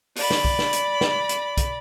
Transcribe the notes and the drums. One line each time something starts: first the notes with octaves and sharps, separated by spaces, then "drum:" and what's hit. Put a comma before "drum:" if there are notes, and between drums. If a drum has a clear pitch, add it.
D5 B5, drum: open hi-hat
drum: snare
drum: kick B1
drum: snare
drum: hi-hat
drum: snare
drum: hi-hat
drum: kick B1, hi-hat